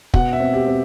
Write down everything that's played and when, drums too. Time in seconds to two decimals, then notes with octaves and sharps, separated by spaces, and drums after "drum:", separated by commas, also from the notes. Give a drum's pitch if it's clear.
0.14 B2 F#5, drum: kick
0.33 E5
0.40 C4
0.53 G4
0.67 C4